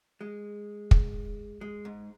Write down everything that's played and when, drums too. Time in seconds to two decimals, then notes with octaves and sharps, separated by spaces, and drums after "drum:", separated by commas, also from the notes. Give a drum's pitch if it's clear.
0.21 G#3
0.91 drum: kick
1.61 G#3
1.85 G#2